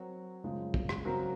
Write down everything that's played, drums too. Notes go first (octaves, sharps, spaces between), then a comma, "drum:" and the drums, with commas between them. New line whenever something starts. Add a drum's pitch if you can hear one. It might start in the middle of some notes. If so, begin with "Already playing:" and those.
Already playing: F#3 C4 F#4 A#4 C#5
F#2 C#3 F3 G#3
drum: kick
drum: rim click
C#3 F#3 C4 F#4 A#4